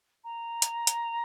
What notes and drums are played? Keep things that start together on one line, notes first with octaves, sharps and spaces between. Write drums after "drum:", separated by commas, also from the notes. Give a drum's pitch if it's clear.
A#5
drum: hi-hat
drum: hi-hat